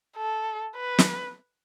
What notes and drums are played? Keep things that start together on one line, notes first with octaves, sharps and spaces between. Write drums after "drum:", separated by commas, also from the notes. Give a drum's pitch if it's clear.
A4
B4
drum: snare